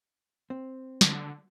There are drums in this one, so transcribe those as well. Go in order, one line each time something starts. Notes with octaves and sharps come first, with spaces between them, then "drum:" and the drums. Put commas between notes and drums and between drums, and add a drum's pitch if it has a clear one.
C4
D3, drum: snare